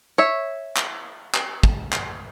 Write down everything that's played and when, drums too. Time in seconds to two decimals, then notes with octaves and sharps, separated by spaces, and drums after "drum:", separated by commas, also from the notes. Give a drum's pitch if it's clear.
0.18 C#5 E5
0.76 drum: clap
1.34 drum: clap
1.63 drum: kick
1.92 drum: clap